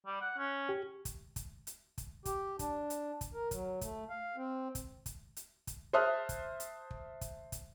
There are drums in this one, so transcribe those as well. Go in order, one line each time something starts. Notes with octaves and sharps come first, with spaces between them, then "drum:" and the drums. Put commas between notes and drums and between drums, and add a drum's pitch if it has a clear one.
G3
F#5
C#4
G4
drum: kick, hi-hat
drum: kick, hi-hat
drum: hi-hat
drum: kick, hi-hat
G4, drum: kick, hi-hat
D4, drum: kick, hi-hat
drum: hi-hat
drum: kick, hi-hat
A#4
F#3, drum: kick, hi-hat
A3, drum: kick, hi-hat
F5
C4
drum: kick, hi-hat
drum: kick, hi-hat
drum: hi-hat
drum: kick, hi-hat
C5 E5 A5 D#6 F6 F#6
drum: kick, hi-hat
drum: hi-hat
drum: kick
drum: kick, hi-hat
drum: kick, hi-hat